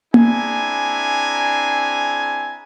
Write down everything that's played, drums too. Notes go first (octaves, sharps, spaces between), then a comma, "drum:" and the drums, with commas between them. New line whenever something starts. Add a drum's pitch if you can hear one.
C4 D4 E4 G#4 G#5 A#5, drum: tom A#3